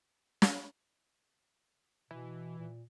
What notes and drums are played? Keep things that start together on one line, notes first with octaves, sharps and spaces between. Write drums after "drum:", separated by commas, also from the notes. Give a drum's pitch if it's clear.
drum: snare
B2 E3
A#2